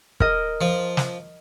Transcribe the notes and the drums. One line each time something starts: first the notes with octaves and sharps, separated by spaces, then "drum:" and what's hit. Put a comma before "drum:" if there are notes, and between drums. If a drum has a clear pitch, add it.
A#4 D#5, drum: kick
F3
drum: snare